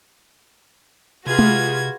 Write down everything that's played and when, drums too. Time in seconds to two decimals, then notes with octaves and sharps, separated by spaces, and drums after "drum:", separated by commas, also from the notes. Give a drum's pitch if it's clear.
1.27 C3 F4 F#4 G#4 B4 G#6
1.39 drum: tom G#3